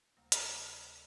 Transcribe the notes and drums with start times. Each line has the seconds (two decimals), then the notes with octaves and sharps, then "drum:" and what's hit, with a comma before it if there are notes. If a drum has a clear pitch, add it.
0.17 D2 C3 G3 A#3
0.32 drum: hi-hat